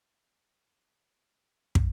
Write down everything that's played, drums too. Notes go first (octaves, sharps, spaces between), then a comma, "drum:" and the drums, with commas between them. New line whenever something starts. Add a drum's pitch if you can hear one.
E3 F3 A#3 F#5 A5
drum: kick